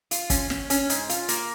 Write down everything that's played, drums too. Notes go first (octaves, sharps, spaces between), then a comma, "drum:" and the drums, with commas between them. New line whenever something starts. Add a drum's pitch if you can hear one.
F4, drum: hi-hat
C#4, drum: kick, hi-hat
C#4, drum: snare
C#4, drum: hi-hat
G#2, drum: hi-hat
F4, drum: hi-hat
A#3, drum: hi-hat